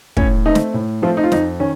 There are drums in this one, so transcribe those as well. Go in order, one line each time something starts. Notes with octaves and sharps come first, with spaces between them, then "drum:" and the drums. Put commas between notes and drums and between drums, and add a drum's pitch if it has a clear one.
A2 C#4 C#5, drum: kick
A3 C4 D#4 D#5
drum: snare
A2
F3 A3 C4 F4
D#4
F4
F2 D#4, drum: snare
D#3 C#4